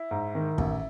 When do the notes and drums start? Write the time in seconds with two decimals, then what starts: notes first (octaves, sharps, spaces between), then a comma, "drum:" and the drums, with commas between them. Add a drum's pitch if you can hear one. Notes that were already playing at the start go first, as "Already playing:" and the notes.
Already playing: E4
0.11 G#2
0.35 D#3
0.58 A1, drum: kick